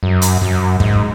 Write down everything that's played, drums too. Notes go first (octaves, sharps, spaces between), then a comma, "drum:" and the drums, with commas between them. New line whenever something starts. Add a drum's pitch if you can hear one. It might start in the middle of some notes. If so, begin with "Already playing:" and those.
F#2
drum: hi-hat
F#2
G#2, drum: kick